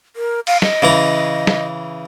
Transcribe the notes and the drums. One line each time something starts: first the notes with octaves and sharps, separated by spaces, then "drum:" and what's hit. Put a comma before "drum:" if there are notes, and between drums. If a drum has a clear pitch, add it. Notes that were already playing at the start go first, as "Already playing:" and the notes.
A#4
F5, drum: cymbal
D#5, drum: snare
C#3 E3 A#5
drum: snare